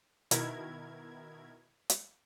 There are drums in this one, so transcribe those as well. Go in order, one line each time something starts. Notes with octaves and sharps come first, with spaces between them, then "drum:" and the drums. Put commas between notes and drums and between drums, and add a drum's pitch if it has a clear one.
B2 D#3 E4 A#4 G#6, drum: hi-hat
drum: hi-hat